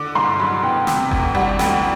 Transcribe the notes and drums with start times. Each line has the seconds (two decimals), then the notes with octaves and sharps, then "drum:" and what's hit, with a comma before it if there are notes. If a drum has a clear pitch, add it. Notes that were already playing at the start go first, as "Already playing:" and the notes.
Already playing: D3 D6
0.15 G2 C6
0.39 F#3 B5
0.63 B3 G5
0.87 C3 G5, drum: snare
1.11 D2, drum: kick G1
1.35 G3 F#5
1.59 D2 G5, drum: snare